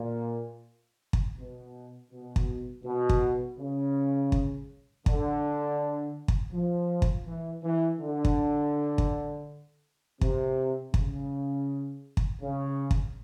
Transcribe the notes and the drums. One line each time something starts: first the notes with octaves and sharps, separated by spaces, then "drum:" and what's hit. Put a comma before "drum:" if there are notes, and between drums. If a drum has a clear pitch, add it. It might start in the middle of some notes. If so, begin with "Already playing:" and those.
Already playing: A#2
drum: kick
B2
B2
drum: kick
B2
drum: kick
C#3
drum: kick
D3, drum: kick
drum: kick
F3
drum: kick
E3
E3
D3
drum: kick
drum: kick
C3, drum: kick
C#3, drum: kick
drum: kick
C#3
drum: kick